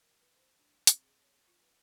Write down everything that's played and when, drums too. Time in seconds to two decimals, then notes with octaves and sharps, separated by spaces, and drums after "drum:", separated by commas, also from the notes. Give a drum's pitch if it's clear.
0.02 A#4
0.21 B4
0.36 C5
0.59 D4
0.87 C4, drum: hi-hat
1.02 G#4
1.23 C#5
1.47 F4
1.62 B4